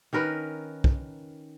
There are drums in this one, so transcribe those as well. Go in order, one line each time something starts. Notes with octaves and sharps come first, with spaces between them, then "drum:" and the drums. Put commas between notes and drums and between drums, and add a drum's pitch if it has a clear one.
D#3 C#4 A#4 B4
drum: kick B1